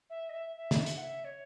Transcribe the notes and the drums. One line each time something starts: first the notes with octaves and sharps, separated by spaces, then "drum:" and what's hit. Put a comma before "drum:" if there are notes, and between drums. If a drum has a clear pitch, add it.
E5
D#5
E5
E5
drum: snare
drum: hi-hat
F#5
E5
C#5